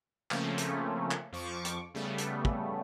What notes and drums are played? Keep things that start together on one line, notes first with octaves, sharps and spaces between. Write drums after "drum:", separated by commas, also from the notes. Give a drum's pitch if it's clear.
C#3 F3 A3 A#3 C4 C#4, drum: clap
drum: hi-hat
drum: clap
F2 F3 C#6 D6
drum: hi-hat
C#3 G3 A3 B3
drum: hi-hat
drum: kick